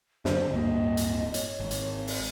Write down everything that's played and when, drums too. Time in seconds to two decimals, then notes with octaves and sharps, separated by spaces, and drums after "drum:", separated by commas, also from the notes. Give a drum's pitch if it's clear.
0.25 F#2 D3 C5, drum: snare
0.52 D1 G2 A#3 D#5
0.97 drum: hi-hat
1.34 C#5, drum: hi-hat
1.60 G#1
1.71 drum: hi-hat
2.07 drum: open hi-hat